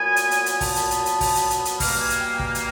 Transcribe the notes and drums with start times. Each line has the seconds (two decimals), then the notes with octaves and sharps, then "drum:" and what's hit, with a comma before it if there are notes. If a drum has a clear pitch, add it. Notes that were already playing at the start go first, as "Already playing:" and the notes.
Already playing: A#2 F#3 B3 G#5
0.16 drum: hi-hat
0.31 drum: hi-hat
0.46 drum: hi-hat
0.61 A5, drum: kick, open hi-hat
0.76 drum: hi-hat
0.91 drum: hi-hat
1.06 drum: hi-hat
1.21 drum: kick, open hi-hat
1.36 drum: hi-hat
1.50 drum: hi-hat
1.65 drum: hi-hat
1.80 B2 G3 A#3, drum: kick, open hi-hat
2.01 G#5
2.10 drum: hi-hat
2.20 G5
2.31 G5
2.39 G#5, drum: kick
2.55 drum: hi-hat